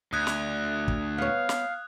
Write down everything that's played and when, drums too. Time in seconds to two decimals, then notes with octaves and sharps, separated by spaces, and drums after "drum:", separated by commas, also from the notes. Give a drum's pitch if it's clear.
0.13 D2 D#6 F#6 G#6
0.27 drum: snare
0.88 drum: kick
1.18 B3 C#5 F5
1.49 drum: snare